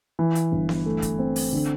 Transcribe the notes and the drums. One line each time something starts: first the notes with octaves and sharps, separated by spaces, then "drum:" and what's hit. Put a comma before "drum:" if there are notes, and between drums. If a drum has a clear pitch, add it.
E3
drum: hi-hat
G1
drum: snare B3
A3
drum: kick, hi-hat
C4
drum: open hi-hat
D3